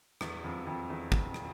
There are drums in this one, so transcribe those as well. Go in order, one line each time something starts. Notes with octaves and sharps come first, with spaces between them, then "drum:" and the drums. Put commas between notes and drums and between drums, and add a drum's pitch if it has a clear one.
E2, drum: rim click
F2
F2
E2
drum: kick
drum: rim click